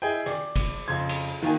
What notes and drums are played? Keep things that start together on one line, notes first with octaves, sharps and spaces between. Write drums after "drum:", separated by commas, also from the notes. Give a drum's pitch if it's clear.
E4 G#4 D#5 G5
D5, drum: rim click
drum: kick, cymbal
F2 C#3 C6 G#6
drum: cymbal
D#3 A#3 F#4 G#5